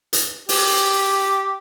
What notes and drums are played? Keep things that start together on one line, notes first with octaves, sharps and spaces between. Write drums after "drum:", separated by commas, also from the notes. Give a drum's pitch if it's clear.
drum: hi-hat
G4, drum: open hi-hat